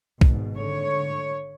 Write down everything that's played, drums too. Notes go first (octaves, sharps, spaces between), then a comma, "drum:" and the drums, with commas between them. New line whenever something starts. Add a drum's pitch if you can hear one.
G#1 G#2 B2, drum: kick
D3 C#5